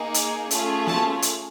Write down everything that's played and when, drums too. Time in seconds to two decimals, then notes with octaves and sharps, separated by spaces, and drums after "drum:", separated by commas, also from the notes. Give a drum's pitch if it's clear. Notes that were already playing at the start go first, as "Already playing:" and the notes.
Already playing: A#3 D#4 G#4
0.14 drum: hi-hat
0.51 A3 C#4 F4 G#4, drum: hi-hat
0.87 A5, drum: snare
1.22 drum: hi-hat